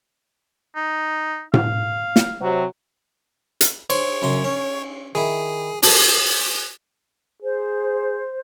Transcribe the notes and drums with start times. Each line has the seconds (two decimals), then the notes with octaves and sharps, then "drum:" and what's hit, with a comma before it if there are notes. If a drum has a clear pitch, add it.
0.76 D#4
1.54 F5, drum: tom A2
2.16 drum: snare
2.40 C3 F#3
3.61 drum: hi-hat
3.90 C5 C#5, drum: cymbal
4.22 F#2 C#3 C6
4.44 C#4
5.15 D#3 E4 G#4
5.83 D4 A4, drum: open hi-hat
7.42 G#4 C5